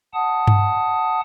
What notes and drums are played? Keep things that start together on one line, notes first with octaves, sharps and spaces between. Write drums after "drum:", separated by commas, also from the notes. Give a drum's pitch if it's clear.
F#5 A5 D#6
drum: tom G2